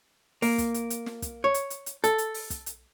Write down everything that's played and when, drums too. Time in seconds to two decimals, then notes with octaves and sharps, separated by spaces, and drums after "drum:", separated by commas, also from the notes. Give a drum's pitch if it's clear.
0.42 A#3, drum: open hi-hat
0.58 drum: kick, hi-hat
0.74 drum: hi-hat
0.90 drum: hi-hat
1.06 drum: snare
1.22 drum: kick, hi-hat
1.44 C#5
1.54 drum: hi-hat
1.70 drum: hi-hat
1.86 drum: hi-hat
2.04 A4, drum: hi-hat
2.18 drum: hi-hat
2.34 drum: open hi-hat
2.50 drum: kick, hi-hat
2.66 drum: hi-hat